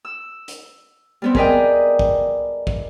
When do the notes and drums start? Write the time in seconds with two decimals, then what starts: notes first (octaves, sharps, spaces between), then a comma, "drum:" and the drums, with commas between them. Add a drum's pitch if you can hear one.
0.05 E6
0.48 drum: hi-hat
1.22 G3 B3 C4
1.35 G#4 A#4 B4 D5 D#5 G5, drum: kick
1.99 drum: kick
2.67 drum: kick